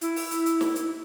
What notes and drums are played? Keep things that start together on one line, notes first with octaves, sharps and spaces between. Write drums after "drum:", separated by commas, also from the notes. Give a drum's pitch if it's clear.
E4, drum: hi-hat
drum: open hi-hat
drum: hi-hat
drum: hi-hat
drum: snare
drum: hi-hat